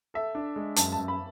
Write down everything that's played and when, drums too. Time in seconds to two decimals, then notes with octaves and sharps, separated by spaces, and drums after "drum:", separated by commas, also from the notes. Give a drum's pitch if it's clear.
0.14 A4 E5
0.35 D4
0.56 G#3
0.76 F#2 A5, drum: hi-hat
0.92 A5
0.97 F#2
1.08 B5